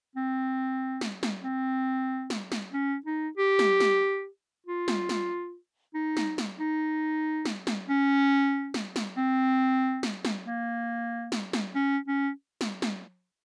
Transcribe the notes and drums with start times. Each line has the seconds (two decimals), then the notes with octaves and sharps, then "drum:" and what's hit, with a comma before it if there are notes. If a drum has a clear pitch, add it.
0.16 C4
1.01 drum: snare
1.23 drum: snare
1.44 C4
2.30 drum: snare
2.52 drum: snare
2.73 C#4
3.06 D#4
3.37 G4
3.59 drum: snare
3.80 drum: snare
4.66 F4
4.88 drum: snare
5.09 drum: snare
5.95 D#4
6.17 drum: snare
6.38 drum: snare
6.60 D#4
7.45 drum: snare
7.67 drum: snare
7.89 C#4
8.74 drum: snare
8.96 drum: snare
9.17 C4
10.03 drum: snare
10.25 drum: snare
10.45 A#3
11.32 drum: snare
11.53 drum: snare
11.75 C#4
12.08 C#4
12.61 drum: snare
12.82 drum: snare